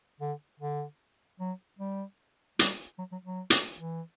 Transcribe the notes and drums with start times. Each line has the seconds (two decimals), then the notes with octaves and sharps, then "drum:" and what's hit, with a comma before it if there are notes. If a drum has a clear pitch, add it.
0.21 D3
0.60 D3
1.40 F#3
1.79 G3
2.59 G3, drum: hi-hat
2.99 F#3
3.12 F#3
3.25 F#3
3.50 drum: hi-hat
3.78 E3